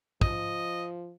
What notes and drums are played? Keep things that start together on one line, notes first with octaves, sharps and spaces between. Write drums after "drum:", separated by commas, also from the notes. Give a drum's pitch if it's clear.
F3 D#5, drum: kick